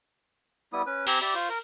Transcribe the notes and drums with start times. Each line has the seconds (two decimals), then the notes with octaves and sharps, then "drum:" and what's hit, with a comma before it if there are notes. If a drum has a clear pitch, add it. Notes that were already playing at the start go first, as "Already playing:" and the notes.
0.73 G3 B3 E4 D#6
0.86 C#4 B4
1.07 C4 G4 G#5 A#5, drum: cymbal
1.22 G4 D5 E5 B5
1.35 F4 C5 C#6
1.49 A#4